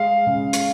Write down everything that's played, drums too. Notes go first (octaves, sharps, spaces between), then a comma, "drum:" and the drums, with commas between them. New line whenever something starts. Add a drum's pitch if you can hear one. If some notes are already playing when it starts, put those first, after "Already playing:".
Already playing: G#3 F5
C#3
drum: hi-hat